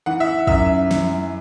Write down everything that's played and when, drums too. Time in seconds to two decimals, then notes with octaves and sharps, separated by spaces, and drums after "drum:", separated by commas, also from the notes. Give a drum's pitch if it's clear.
0.06 E3 F#5
0.20 E5
0.47 F#2 E5, drum: kick
0.91 drum: snare
1.12 drum: tom F#3